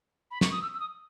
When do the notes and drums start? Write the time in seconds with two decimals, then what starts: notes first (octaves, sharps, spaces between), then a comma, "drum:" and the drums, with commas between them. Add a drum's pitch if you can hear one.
0.31 B5
0.41 C#6, drum: snare
0.52 D#6
0.62 E6
0.74 E6
0.80 D#6